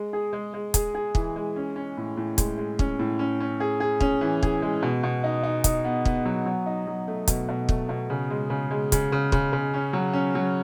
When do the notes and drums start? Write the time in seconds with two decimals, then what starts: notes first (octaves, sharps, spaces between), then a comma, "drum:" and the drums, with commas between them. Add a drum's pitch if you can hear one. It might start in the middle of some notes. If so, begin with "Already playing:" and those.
Already playing: G#3
0.13 G#4
0.33 G#3
0.54 G#3
0.74 G#4, drum: kick, hi-hat
0.95 G#4
1.15 E3, drum: kick
1.36 G#3
1.56 C#4
1.76 C#4
1.97 A2
2.17 A2
2.38 G#3, drum: kick, hi-hat
2.58 G#3
2.79 C#4, drum: kick
2.99 A2
3.19 C#4
3.40 C#4
3.60 G#4
3.80 G#4
4.01 C#4, drum: kick
4.21 E3
4.43 G#4, drum: kick
4.62 G#3
4.83 B2
5.03 B2
5.24 D#4
5.44 D#4
5.64 D#4, drum: kick, hi-hat
5.84 B3
6.05 B3, drum: kick
6.25 F#3
6.46 F#3
6.66 D#4
6.87 F#3
7.08 A3
7.28 B2, drum: kick, hi-hat
7.49 B2
7.69 A3, drum: kick
7.89 B2
8.10 C#3
8.30 G#3
8.50 C#3
8.71 G#3
8.92 C#3, drum: kick, hi-hat
9.12 C#3
9.32 C#3, drum: kick
9.53 C#3
9.74 C#4
9.93 F#3
10.13 C#4
10.35 F#3